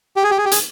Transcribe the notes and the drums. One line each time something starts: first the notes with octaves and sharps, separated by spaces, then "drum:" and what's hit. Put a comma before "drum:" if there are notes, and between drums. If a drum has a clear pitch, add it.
G4
G#4
G4
G#4
G4
G#4, drum: hi-hat